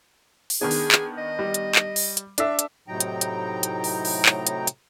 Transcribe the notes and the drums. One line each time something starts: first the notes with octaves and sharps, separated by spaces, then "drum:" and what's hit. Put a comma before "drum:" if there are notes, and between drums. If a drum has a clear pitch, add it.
drum: open hi-hat
D#3 B3 D4 G#4
drum: open hi-hat
drum: clap
D#5
G3
drum: hi-hat
drum: clap
drum: open hi-hat
drum: hi-hat
D4 A4 E5, drum: hi-hat
drum: hi-hat
A2 C3 F#3 D#4 G5 A#5
drum: hi-hat
drum: hi-hat
drum: hi-hat
drum: open hi-hat
drum: open hi-hat
drum: clap
drum: hi-hat
drum: hi-hat